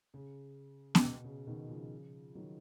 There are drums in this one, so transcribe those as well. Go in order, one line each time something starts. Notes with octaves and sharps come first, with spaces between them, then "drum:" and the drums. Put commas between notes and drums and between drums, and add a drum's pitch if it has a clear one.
C#3
C#3, drum: snare B3
B2
C#3
B2 D#3
C#3 F3
D#3 F#3